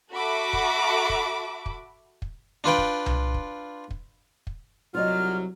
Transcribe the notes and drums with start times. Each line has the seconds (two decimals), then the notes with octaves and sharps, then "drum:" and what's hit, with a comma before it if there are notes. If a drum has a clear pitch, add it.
0.11 F#4 A4 E5 B5 D6
0.53 drum: kick
1.09 drum: kick
1.66 drum: kick
2.22 drum: kick
2.64 D4 F4 B4 G5
2.78 drum: kick
3.06 drum: tom C2
3.34 drum: kick
3.91 drum: kick
4.47 drum: kick
4.95 C2 F#3 F4 D5 D#5 F6